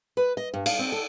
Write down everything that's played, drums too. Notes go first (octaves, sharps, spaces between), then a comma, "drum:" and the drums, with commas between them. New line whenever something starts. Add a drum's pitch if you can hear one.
B4
D#5
G2
F5, drum: cymbal
C4
A4